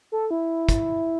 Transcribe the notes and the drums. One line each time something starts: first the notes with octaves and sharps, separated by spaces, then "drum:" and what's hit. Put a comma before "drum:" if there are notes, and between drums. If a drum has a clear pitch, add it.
A4
E4
drum: kick, hi-hat